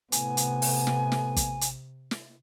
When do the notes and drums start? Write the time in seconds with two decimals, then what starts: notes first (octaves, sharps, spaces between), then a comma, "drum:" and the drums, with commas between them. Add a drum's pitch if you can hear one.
0.12 A2 C3 B3 G#5, drum: hi-hat
0.37 drum: hi-hat
0.62 drum: open hi-hat
0.87 drum: snare
1.12 drum: snare
1.36 drum: kick, hi-hat
1.61 drum: hi-hat
2.11 drum: snare